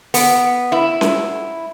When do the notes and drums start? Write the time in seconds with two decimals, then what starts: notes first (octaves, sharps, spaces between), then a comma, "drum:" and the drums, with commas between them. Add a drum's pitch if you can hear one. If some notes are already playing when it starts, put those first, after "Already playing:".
0.14 B3, drum: open hi-hat
0.72 E4
1.01 drum: snare C#4